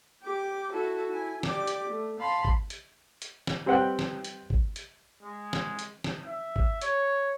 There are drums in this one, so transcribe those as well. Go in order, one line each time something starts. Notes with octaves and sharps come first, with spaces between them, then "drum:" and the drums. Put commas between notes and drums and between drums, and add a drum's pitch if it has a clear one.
G4 D6
E4 F#4 A4
E4 G#5
G4 D5 D6, drum: snare
drum: hi-hat
A3
F5 A5 B5 C6
drum: kick
drum: hi-hat
drum: hi-hat
drum: snare
G3 C4 B4 F#5 G5 F#6
drum: snare
drum: hi-hat
drum: kick
drum: hi-hat
G#3
drum: snare
drum: hi-hat
drum: snare
E5
drum: kick
C#5, drum: hi-hat